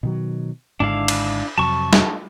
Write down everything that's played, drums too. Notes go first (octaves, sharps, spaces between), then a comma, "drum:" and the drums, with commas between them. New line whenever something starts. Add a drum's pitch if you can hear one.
B2 D#3 F#3
G#1 G#2 D3 D4 E4 F5
drum: cymbal
F2 C3 F#3 A5 C#6
drum: snare